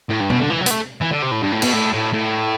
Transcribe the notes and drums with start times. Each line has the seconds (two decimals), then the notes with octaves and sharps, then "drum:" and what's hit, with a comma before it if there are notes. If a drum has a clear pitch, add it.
0.09 A2
0.20 G2
0.30 B2, drum: tom B2
0.40 D3
0.50 E3
0.61 F#3
0.66 B3, drum: hi-hat
0.71 A3
1.01 E3
1.11 D3
1.22 C3
1.31 A2
1.42 G2
1.52 A2
1.62 B2, drum: cymbal
1.73 A2
1.93 A2
2.13 A2